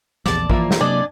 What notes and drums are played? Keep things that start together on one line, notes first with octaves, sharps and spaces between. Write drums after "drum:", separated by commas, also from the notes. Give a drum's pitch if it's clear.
A#1 E2 D5 A5, drum: snare
E3 F3 A#3 E4 F4, drum: kick
drum: snare
C3 F#3 A#3 D4 D5 D#5 G#5